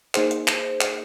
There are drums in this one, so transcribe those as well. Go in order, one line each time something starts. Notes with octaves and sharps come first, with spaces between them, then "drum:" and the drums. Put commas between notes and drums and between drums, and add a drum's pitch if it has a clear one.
A#3 D#4 G#4 C5, drum: clap
drum: hi-hat
drum: clap
drum: clap